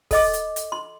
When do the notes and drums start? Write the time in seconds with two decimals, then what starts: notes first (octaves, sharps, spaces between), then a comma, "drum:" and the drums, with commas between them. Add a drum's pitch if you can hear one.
0.11 A4 D#5 D6, drum: kick, open hi-hat
0.33 drum: hi-hat
0.56 drum: hi-hat
0.72 C6